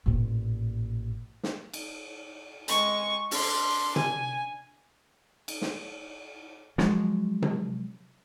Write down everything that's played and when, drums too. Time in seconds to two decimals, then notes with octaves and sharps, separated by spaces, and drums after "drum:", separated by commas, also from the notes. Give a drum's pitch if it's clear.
0.06 A1 A#2
1.43 drum: snare
1.73 drum: cymbal
2.68 G#3 C#6, drum: hi-hat
3.31 D4 C6, drum: open hi-hat
3.96 G#5, drum: tom C3
5.48 drum: cymbal
5.62 drum: snare
6.78 F3 F#3 G#3, drum: snare
7.42 drum: tom C3